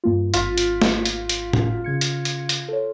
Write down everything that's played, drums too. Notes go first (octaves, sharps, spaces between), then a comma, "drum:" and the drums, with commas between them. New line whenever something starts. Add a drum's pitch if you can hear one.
G2 A#3 F4
G#1 F4 B6, drum: hi-hat
drum: hi-hat
drum: snare
drum: hi-hat
drum: hi-hat
drum: tom A2
C#3 G#6 C#7
drum: hi-hat
drum: hi-hat
drum: hi-hat
A4 C#5